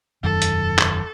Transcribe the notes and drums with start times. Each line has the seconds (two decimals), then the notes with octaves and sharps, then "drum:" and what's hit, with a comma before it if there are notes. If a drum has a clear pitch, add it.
0.23 E1 F#2 D#3 A4
0.42 drum: hi-hat
0.79 drum: clap